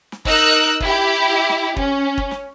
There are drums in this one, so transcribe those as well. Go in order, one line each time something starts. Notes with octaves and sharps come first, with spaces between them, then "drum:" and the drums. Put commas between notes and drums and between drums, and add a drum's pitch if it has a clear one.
drum: snare
D#4 A#4 E6 F#6, drum: kick
E4 G4, drum: kick
drum: snare
C#4, drum: kick
drum: kick
drum: snare